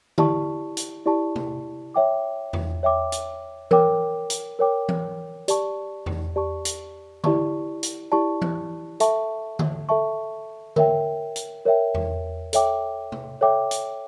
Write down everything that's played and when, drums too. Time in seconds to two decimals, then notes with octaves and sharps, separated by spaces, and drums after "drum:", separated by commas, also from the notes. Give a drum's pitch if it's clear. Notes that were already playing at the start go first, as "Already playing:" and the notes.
0.18 E4 G4 D5 A5 C#6, drum: tom D3
0.77 drum: hi-hat
1.06 E4 G4 D5 A5 C#6
1.36 drum: tom C3
1.94 C#5 E5 G5 D6
2.53 drum: tom E2
2.83 C#5 E5 G5 D6
3.12 drum: hi-hat
3.71 A#4 C#5 G5 D6, drum: tom E3
4.30 drum: hi-hat
4.59 A#4 C#5 G5 D6
4.89 drum: tom E3
5.48 G4 D5 A5 C#6, drum: hi-hat
6.06 drum: tom E2
6.36 G4 D5 A5 C#6
6.65 drum: hi-hat
7.24 E4 G4 D5 A5 C#6, drum: tom D3
7.83 drum: hi-hat
8.12 E4 G4 D5 A5 C#6
8.42 drum: tom E3
9.00 A4 E5 A5 C#6, drum: hi-hat
9.59 drum: tom D3
9.89 A4 E5 A5 C#6
10.76 A#4 C#5 E5 G5, drum: tom D3
11.36 drum: hi-hat
11.65 A#4 C#5 E5 G5
11.94 drum: tom E2
12.53 A4 C#5 E5 G5 D6, drum: hi-hat
13.12 drum: tom C3
13.41 A4 C#5 E5 G5 D6
13.71 drum: hi-hat